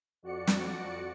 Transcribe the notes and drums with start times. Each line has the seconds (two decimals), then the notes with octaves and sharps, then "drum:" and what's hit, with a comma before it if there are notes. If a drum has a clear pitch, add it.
0.23 F2 F#4 D5 C#7
0.47 drum: snare